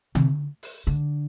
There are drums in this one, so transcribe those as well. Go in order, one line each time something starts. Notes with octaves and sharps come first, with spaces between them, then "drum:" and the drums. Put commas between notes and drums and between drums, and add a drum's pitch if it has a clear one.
C3, drum: tom D3
drum: open hi-hat
D3